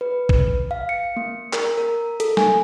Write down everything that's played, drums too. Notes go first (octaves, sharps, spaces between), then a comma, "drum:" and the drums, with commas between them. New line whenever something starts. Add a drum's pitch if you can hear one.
B4
drum: kick
F5
C#7
A#3
A#4, drum: clap
A#4
A4, drum: hi-hat
G#5, drum: snare